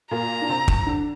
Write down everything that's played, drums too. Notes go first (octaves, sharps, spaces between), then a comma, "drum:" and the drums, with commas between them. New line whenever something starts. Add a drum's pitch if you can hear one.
A#2 A#3 A#5
D4
C3 C4
drum: kick
D3 D4